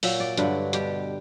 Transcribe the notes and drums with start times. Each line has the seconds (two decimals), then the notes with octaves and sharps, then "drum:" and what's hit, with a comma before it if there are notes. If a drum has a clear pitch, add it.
0.03 A#2 F#3 E5, drum: open hi-hat
0.20 D5
0.37 G2 D3 F#3 B4, drum: hi-hat
0.73 B2 G3 G4, drum: hi-hat